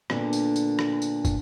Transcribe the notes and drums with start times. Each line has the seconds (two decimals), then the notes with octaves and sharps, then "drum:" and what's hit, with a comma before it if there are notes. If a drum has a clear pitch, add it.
0.10 A#2 D3 B3 D4, drum: rim click
0.33 drum: tambourine
0.56 drum: tambourine
0.79 drum: rim click
1.02 drum: tambourine
1.25 drum: kick, tambourine